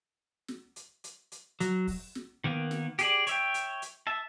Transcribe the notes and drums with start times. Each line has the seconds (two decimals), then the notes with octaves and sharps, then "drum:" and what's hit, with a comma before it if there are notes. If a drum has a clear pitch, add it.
0.48 drum: snare
0.76 drum: hi-hat
1.04 drum: hi-hat
1.32 drum: hi-hat
1.60 F#3, drum: hi-hat
1.87 drum: kick, open hi-hat
2.15 drum: snare
2.44 D#3 A#3 B3
2.71 drum: snare
2.99 G4 G#4 D5, drum: hi-hat
3.27 C#5 E5 G5, drum: hi-hat
3.54 drum: hi-hat
3.82 drum: hi-hat
4.07 E5 A5